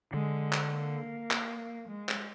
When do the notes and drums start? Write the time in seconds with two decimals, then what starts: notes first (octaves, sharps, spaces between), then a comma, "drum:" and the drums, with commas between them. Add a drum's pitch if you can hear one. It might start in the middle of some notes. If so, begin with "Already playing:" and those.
0.13 D3 G#3
0.53 drum: clap
0.73 A#3
1.31 drum: clap
1.89 G#3
2.09 drum: clap